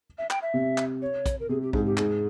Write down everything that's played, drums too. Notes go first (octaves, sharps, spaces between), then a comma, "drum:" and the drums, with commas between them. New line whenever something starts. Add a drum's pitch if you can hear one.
E5
G5, drum: clap
E5
C3
drum: clap
C#5
drum: kick A#1, hi-hat
A#4
C3 G#4
G4
G#2 G#4, drum: kick A#1
G4
G#2 G#4, drum: clap